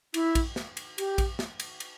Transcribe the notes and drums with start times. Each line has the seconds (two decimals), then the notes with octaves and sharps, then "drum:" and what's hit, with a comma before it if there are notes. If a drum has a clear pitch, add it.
0.14 E4, drum: cymbal
0.35 drum: kick A#1, cymbal
0.56 drum: snare
0.77 drum: cymbal
0.98 G4, drum: cymbal
1.18 drum: kick A#1, cymbal
1.39 drum: snare
1.60 drum: cymbal
1.80 drum: cymbal